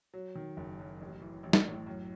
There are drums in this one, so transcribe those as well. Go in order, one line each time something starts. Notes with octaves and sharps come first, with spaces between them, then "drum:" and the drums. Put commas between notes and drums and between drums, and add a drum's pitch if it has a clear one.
F#3
D#3
F#1
F#2
A1
E3
A1
drum: snare
A2
F#2